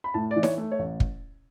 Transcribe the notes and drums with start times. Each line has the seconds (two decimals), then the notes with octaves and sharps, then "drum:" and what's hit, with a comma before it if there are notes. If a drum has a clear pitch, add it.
0.04 B5
0.14 A2 A5
0.31 D5
0.36 E3
0.43 C#5, drum: snare D#4
0.58 A3
0.72 C#5
0.79 A1
1.00 drum: kick